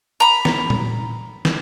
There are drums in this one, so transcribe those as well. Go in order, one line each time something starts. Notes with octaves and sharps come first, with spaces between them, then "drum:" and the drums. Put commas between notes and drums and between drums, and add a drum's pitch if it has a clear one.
A#5 B5
drum: snare
drum: tom A#2
drum: snare